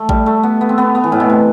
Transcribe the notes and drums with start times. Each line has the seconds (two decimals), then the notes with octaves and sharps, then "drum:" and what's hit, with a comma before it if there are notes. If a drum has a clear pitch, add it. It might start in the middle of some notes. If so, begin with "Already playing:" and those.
Already playing: A3
0.09 G3, drum: kick A1
0.26 A3
0.43 B3
0.61 B3
0.69 C4
0.78 B3
0.95 B3
1.04 E3
1.12 A2
1.20 B2
1.29 C3